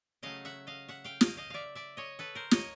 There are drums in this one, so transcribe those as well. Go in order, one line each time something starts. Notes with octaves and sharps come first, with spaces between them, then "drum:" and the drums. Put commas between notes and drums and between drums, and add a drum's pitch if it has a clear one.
C#3 F#3 A3 D#5 F5
E5 F#5
D#5 F5
E5 F#5
F5 G5
D#5 F5, drum: snare
D#5 F5
D5 E5 F5
D5 E5
C#5 D#5
A4 B4
A#4 C5
C#5 D#5, drum: snare